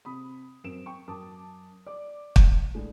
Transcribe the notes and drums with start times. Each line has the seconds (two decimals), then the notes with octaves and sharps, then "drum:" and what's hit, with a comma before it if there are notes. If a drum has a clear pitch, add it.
0.05 C3 B5 D#6
0.64 F#2 C4 D7 E7
0.86 G5 C#6
1.08 F#2 A5 D6 D#6
1.86 D5 D6
2.36 drum: kick
2.74 A2 G#3 D4